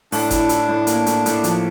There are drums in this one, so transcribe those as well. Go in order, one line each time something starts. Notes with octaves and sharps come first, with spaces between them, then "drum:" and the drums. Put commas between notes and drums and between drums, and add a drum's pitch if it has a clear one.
A2 D4, drum: open hi-hat
E4, drum: kick G1, hi-hat
E4, drum: hi-hat
A2
A#3, drum: hi-hat
A2, drum: hi-hat
A2, drum: hi-hat
F3, drum: hi-hat